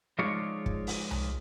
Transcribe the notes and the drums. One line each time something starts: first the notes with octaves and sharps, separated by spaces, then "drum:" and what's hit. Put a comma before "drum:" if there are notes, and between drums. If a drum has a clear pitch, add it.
F3 G#3 D#4 F4 C#5 D5
drum: kick
drum: open hi-hat
drum: tom C2